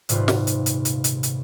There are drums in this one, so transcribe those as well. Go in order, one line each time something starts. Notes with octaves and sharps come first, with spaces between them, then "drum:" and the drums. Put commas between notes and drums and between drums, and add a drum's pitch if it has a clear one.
D#1 G#2 C3 F4 B4, drum: hi-hat
drum: snare
drum: hi-hat
drum: hi-hat
drum: hi-hat
drum: hi-hat
drum: hi-hat